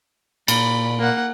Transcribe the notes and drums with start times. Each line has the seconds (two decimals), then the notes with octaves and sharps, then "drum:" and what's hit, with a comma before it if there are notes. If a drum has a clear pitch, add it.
0.48 A#2 B5, drum: cymbal
0.99 A#3 F#5